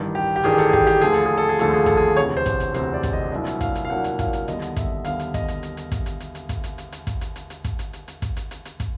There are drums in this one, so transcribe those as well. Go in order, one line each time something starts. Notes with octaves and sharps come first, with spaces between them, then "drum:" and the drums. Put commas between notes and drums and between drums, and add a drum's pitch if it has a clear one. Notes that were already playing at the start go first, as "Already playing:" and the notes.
Already playing: A1 G2 D#3 G3
G4
G4
A1 G2 D#3 G3 G#4, drum: hi-hat
A4, drum: hi-hat
G#4
G4, drum: kick
G4, drum: hi-hat
D#2 D3 F3 A3 G#4, drum: hi-hat
A4, drum: hi-hat
G#4
A4
G#4
D#2 D3 F3 A3 A4, drum: hi-hat
G#4
A4, drum: kick, hi-hat
G#4
E1 D2 C3 C#5, drum: hi-hat
C5
drum: kick, hi-hat
drum: hi-hat
E1 D2 C3 C5, drum: hi-hat
D5
drum: kick, hi-hat
D#5
C2 A#2 F#3 A#3 D4 E5
drum: hi-hat
F5, drum: kick, hi-hat
drum: hi-hat
F5
C2 A#2 F#3 A#3 D4 F#5
drum: hi-hat
F5, drum: kick, hi-hat
drum: hi-hat
D#2 D3 G3 B3 D#5, drum: hi-hat
drum: hi-hat
E5, drum: kick, hi-hat
D#2 D3 G3 B3 F5, drum: hi-hat
drum: hi-hat
D#5, drum: kick, hi-hat
drum: hi-hat
drum: hi-hat
drum: hi-hat
drum: kick, hi-hat
drum: hi-hat
drum: hi-hat
drum: hi-hat
drum: kick, hi-hat
drum: hi-hat
drum: hi-hat
drum: hi-hat
drum: kick, hi-hat
drum: hi-hat
drum: hi-hat
drum: hi-hat
drum: kick, hi-hat
drum: hi-hat
drum: hi-hat
drum: hi-hat
drum: kick, hi-hat
drum: hi-hat
drum: hi-hat
drum: hi-hat
drum: kick, hi-hat